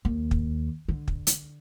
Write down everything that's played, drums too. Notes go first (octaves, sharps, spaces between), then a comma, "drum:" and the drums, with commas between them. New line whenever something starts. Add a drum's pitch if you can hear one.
D#2
drum: kick
D3
drum: kick
drum: hi-hat